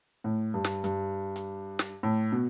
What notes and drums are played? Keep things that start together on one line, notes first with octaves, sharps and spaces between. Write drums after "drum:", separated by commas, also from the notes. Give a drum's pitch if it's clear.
A2
G2
drum: snare
G2, drum: hi-hat
drum: hi-hat
drum: snare
A2
B2